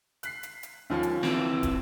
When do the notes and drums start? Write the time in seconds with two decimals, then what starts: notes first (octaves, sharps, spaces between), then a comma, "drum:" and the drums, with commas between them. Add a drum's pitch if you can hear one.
0.23 F#6 B6 C7, drum: hi-hat
0.43 drum: hi-hat
0.63 drum: hi-hat
0.90 D#2 F3 C#4
1.03 drum: hi-hat
1.23 E3 C4, drum: snare
1.63 drum: kick, hi-hat